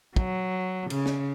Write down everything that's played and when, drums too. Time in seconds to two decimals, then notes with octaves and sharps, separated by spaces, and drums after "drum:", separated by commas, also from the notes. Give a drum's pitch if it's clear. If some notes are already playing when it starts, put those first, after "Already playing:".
0.16 F#3, drum: kick
0.90 C#3, drum: cymbal
1.06 drum: snare